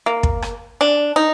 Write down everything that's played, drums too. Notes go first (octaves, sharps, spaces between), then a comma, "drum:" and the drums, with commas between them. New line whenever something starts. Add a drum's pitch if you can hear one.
A#3
drum: kick
drum: rim click
D4
D#4